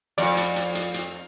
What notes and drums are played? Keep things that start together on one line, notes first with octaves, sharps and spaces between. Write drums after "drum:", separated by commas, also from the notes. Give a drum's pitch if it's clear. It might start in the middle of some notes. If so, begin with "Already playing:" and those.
F2 D5, drum: hi-hat
drum: hi-hat
drum: hi-hat
drum: hi-hat
drum: hi-hat